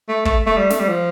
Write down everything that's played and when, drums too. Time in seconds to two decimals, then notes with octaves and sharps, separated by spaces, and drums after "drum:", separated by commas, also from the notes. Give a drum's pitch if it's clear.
0.09 A3
0.25 A3, drum: kick
0.46 A3
0.57 G3
0.70 A3, drum: snare
0.79 G3
0.88 F3